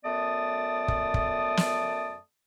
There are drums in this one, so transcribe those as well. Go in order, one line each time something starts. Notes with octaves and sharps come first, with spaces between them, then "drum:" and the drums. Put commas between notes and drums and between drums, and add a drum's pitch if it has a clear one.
F#2 A3 B3 D5 A5 D#6
drum: kick
drum: kick
drum: snare